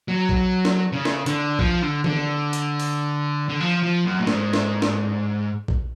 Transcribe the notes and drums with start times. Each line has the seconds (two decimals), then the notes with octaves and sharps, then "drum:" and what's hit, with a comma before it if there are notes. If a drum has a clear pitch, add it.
0.08 F#3
0.29 drum: kick A#1
0.65 drum: snare
0.92 C#3
1.05 drum: snare
1.26 D3, drum: hi-hat
1.59 F3, drum: kick A#1
1.82 D3
2.04 D3, drum: tom D#3
2.53 drum: hi-hat
2.80 drum: open hi-hat
3.49 D3
3.61 F3
3.83 F3
4.06 F#2
4.19 A2
4.27 G#2, drum: snare
4.53 drum: snare
4.82 drum: snare
5.68 drum: kick A#1